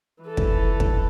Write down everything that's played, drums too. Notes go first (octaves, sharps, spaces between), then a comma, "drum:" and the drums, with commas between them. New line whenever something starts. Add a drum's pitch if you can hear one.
E3 A4
drum: kick
drum: kick